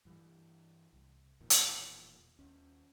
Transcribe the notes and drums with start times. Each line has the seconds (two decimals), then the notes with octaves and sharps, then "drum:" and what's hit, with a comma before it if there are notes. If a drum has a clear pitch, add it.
0.05 G2 E3 G3
0.93 C2
1.40 E1 E2 A#2 D#3
1.50 drum: hi-hat
2.39 D#2 C#4